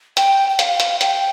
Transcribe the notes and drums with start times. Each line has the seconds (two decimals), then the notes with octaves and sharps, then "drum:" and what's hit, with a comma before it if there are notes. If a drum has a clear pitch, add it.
0.17 G5, drum: hi-hat
0.49 G5
0.59 F5, drum: hi-hat
0.80 drum: hi-hat
1.01 G5, drum: hi-hat